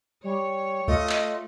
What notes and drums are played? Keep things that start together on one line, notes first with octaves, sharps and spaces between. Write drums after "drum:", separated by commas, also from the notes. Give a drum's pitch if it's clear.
G3 C#5
A3 F4 D#5, drum: kick
drum: clap